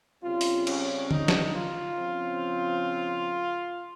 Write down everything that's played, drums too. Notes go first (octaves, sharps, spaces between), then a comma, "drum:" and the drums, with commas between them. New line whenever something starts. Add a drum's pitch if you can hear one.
C#3 G3 C4 F4
drum: open hi-hat
C#4, drum: cymbal
D#4, drum: tom D3
drum: snare
F4
C#3 F3 C4